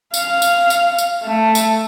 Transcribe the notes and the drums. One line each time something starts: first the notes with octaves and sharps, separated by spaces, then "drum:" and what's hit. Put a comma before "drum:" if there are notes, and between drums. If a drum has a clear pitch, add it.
F5, drum: tambourine
drum: tambourine
drum: tambourine
drum: tambourine
A3
drum: tambourine